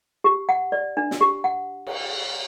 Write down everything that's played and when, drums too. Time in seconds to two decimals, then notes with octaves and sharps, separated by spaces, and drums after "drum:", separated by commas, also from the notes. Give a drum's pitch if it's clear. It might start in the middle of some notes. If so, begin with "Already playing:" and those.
0.24 G4
0.49 F#5
0.72 D5
0.97 D4
1.11 drum: snare
1.21 G4
1.44 F#5
1.87 drum: cymbal